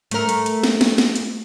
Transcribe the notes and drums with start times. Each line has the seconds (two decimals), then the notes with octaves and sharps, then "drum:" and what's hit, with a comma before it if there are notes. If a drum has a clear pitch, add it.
0.11 A3 A#4, drum: hi-hat
0.29 drum: hi-hat
0.46 drum: hi-hat
0.63 drum: snare
0.81 drum: snare
0.98 drum: snare
1.16 drum: hi-hat